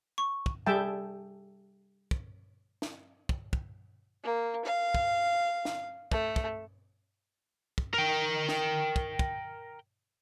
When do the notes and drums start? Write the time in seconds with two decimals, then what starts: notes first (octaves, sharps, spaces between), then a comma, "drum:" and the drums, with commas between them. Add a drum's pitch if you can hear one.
0.18 C#6
0.46 drum: kick
0.66 G3 G#4 A4 E5 G5 A5
2.11 drum: kick
2.82 drum: snare
3.29 drum: kick
3.53 drum: kick
4.24 A#3
4.66 F5
4.95 drum: kick
5.65 drum: snare
6.12 A3, drum: kick
6.36 drum: kick
7.78 drum: kick
7.94 A#4 G5
8.49 drum: snare
8.96 drum: kick
9.19 drum: kick